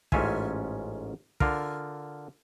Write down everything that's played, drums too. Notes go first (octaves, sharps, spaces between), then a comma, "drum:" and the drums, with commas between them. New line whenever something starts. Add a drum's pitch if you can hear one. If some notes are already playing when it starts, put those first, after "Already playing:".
A1 G#2 C#4 F4 E5 G#5, drum: kick
D3 F4 A#4, drum: kick